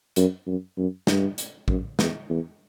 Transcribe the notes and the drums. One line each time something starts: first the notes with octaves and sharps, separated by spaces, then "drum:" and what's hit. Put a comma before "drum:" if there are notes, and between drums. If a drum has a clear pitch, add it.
F#2, drum: hi-hat
F#2
F#2
G2, drum: snare
drum: hi-hat
F#2, drum: kick
E2, drum: snare
E2